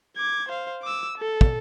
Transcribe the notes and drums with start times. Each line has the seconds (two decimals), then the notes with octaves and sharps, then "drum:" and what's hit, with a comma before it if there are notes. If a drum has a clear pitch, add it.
0.17 D6 G#6
0.48 C5 F5
0.83 D6 E6
1.18 A4
1.41 drum: kick